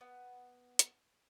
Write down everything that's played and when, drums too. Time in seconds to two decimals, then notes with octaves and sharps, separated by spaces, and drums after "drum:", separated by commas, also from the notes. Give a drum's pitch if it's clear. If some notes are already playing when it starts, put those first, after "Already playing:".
0.01 B3
0.79 drum: hi-hat